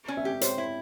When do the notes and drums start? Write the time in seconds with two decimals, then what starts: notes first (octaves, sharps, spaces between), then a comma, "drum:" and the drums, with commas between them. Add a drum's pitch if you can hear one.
0.08 C#4
0.17 E5
0.25 G4
0.41 C5 C#5, drum: hi-hat
0.58 E4